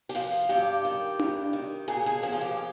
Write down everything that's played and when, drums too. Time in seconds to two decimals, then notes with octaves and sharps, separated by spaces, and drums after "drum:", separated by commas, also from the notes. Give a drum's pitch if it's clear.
0.09 G4, drum: open hi-hat
0.15 F3 F4
0.49 G2 G4
0.85 D#3
1.19 G2, drum: tom D4
1.53 D#3
1.88 A#2 G#4
2.06 G#4
2.23 F3 G#4
2.32 F4
2.41 G4